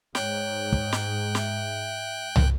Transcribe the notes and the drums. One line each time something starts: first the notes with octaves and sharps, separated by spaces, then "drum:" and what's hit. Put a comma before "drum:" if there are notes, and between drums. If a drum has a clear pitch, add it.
G#2 C#5 G5 F#6, drum: snare
drum: kick
drum: snare
E5, drum: snare
drum: tom